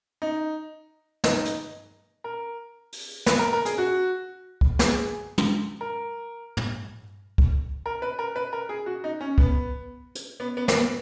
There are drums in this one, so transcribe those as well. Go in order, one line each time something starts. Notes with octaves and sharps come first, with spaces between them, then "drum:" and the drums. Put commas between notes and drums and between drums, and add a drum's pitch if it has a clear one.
D#4
D#4, drum: snare
drum: hi-hat
A#4
drum: open hi-hat
B4, drum: snare
A#4
A#4
G#4, drum: hi-hat
F#4
drum: kick
G#4, drum: snare
drum: tom
A#4
drum: tom
drum: kick
A#4
B4
A#4
B4
A#4
G#4
F#4
D#4
C#4
B3, drum: kick
drum: hi-hat
B3
B3
A#3, drum: snare
B3